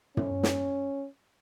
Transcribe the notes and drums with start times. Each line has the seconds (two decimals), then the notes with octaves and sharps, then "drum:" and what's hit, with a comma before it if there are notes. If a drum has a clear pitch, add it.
0.17 C#4, drum: tom
0.43 drum: snare